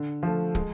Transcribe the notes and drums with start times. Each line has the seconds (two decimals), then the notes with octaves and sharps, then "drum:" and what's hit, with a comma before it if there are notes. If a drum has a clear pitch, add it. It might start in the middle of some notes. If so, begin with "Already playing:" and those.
Already playing: D3
0.23 F3 A3
0.55 G#3, drum: kick